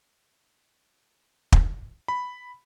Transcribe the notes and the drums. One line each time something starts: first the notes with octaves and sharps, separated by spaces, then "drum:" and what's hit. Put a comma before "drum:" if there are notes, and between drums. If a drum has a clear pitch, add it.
drum: kick
B5